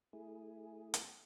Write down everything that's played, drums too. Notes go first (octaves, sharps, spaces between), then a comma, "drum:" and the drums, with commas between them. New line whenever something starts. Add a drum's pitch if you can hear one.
A3 E4 G#4
drum: hi-hat